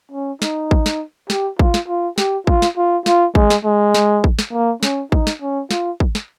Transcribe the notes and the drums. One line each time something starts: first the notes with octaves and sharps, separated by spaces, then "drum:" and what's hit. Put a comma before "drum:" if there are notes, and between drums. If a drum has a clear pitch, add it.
C#4
D#4, drum: snare
drum: kick
drum: snare
G4, drum: snare
F4, drum: kick
drum: snare
F4
G4, drum: snare
F4, drum: kick
drum: snare
F4
F4, drum: snare
G#3, drum: kick
drum: snare
G#3
drum: snare
drum: kick
drum: snare
A#3
C#4, drum: snare
D#4, drum: kick
drum: snare
C#4
F4, drum: snare
drum: kick
drum: snare